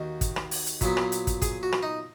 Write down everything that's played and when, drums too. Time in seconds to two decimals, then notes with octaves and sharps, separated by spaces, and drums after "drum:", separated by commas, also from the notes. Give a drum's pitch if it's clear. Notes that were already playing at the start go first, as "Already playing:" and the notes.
Already playing: D#2 D#3 F#4
0.21 drum: kick, hi-hat
0.36 drum: rim click
0.51 drum: open hi-hat
0.66 drum: hi-hat
0.81 A#2 F#3 B3, drum: kick, hi-hat
0.97 drum: rim click
1.12 drum: hi-hat
1.27 drum: kick, hi-hat
1.42 G#4, drum: kick, hi-hat
1.63 F#4
1.72 drum: rim click
1.83 D#4